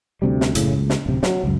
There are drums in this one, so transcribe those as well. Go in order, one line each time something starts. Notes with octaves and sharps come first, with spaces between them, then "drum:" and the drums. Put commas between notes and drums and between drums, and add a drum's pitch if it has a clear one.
D2 C3 G3
drum: snare
F#1 A2 C#3, drum: hi-hat
C#2
drum: snare
D1 C3
F#3, drum: snare
C#2 F#2